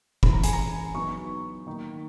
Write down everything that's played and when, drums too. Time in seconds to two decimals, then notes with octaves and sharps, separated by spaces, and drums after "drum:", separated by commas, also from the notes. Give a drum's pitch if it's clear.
0.23 E3 G#3 C#4 E4 B5, drum: kick
0.33 A#5
0.44 G#5, drum: hi-hat
0.53 A#5
0.95 F#3 B3 D#4 C#6
1.67 D#3 A#3 D#4